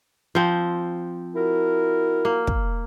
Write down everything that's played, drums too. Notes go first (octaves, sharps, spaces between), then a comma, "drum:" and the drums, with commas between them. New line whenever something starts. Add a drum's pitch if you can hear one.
F3 C4
E4 F#4 A#4
A#3
drum: kick